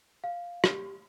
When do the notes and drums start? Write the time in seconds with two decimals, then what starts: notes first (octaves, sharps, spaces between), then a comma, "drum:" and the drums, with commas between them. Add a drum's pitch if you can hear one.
0.24 F5
0.64 G4, drum: rim click